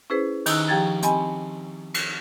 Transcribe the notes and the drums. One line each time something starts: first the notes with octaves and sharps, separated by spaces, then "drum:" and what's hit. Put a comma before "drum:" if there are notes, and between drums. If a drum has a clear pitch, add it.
C#4 E4 G#4 B4 C5
D#3 D#4 E6 F#6, drum: cymbal
F3 G4 G5 A#5 G#6 A6
C4 G4 D#5 G#5 B5, drum: hi-hat
drum: cymbal